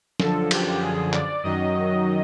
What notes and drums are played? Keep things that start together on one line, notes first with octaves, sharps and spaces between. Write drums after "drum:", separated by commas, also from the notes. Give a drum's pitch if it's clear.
F#2 D3 F3 A4, drum: snare
G4, drum: cymbal
G#4
D5, drum: clap
F#2 D#3 F#3 D#5